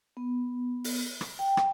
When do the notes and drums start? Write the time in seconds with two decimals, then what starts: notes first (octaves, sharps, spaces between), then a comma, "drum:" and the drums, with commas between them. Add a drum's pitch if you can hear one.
0.17 B3
0.84 drum: open hi-hat
1.21 drum: rim click
1.39 G5
1.57 drum: rim click